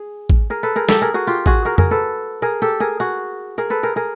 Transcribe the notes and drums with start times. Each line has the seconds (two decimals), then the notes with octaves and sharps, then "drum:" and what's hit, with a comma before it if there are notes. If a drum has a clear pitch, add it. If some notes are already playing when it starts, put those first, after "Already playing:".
Already playing: G#4
0.30 drum: kick
0.50 G#4 A#4
0.63 A4 B4
0.76 G#4 A#4
0.89 G4 A4, drum: snare
1.02 G#4 A#4
1.14 F#4 G#4
1.27 F4 G4
1.46 F#4 G#4, drum: kick
1.65 G#4 A#4
1.78 G#4 A#4, drum: tom F2
1.91 A4 B4
2.42 G#4 A#4
2.62 G4 A4
2.80 G#4 A#4
3.00 F#4 G#4
3.58 G#4 A#4
3.70 A4 B4
3.83 G#4 A#4
3.96 G#4 A#4